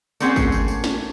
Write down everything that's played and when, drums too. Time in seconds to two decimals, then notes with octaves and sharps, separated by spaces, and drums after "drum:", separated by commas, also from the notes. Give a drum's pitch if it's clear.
0.20 A3 A#3 C4 C#4 G#4 F#5, drum: tambourine
0.36 drum: kick, tambourine
0.52 drum: tambourine
0.68 drum: tambourine
0.84 drum: snare